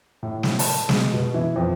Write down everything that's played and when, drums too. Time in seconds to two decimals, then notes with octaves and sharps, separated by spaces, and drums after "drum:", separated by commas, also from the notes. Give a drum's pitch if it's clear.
0.23 A2
0.43 drum: snare
0.59 A5, drum: open hi-hat
0.89 G#3, drum: snare
1.13 B2
1.34 E3
1.56 F2